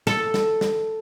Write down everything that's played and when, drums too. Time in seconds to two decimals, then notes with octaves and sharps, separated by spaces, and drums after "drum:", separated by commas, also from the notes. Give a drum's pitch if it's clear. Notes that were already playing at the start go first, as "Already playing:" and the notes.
0.07 A4, drum: snare
0.34 drum: snare
0.61 drum: snare